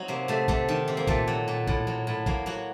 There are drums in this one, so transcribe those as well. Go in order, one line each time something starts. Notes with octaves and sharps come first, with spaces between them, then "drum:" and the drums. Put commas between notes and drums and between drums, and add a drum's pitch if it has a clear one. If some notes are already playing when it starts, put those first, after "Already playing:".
Already playing: F#3 C4 D#4 F#4
C3 A#3
C3 A3
C3 A3, drum: kick
D#3
C3
A#3
A#2 A3, drum: kick
F#3
A#2
A2, drum: kick
F#3
A2
F#3 A#3, drum: kick
F#3 F#4